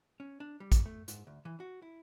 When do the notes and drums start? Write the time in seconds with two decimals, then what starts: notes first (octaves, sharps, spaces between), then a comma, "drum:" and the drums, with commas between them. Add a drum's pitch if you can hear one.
0.20 C#4
0.40 D4
0.60 G3
0.72 drum: kick, hi-hat
0.86 A3
1.08 G#2, drum: hi-hat
1.27 D2
1.45 E3
1.60 F#4
1.82 E4